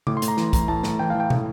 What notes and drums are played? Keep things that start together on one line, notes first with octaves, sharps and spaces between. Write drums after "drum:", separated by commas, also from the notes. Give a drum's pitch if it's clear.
A2 D6, drum: tom C#3
C6
A2, drum: hi-hat
A#5
E3, drum: snare
E3 A#5, drum: kick, hi-hat
A2 A5
A2, drum: snare
E3 G5
E3 F5
G5
A2, drum: tom